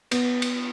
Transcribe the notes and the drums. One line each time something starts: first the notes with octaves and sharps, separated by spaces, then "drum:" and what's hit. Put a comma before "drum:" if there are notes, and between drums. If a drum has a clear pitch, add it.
B3, drum: cymbal
drum: cymbal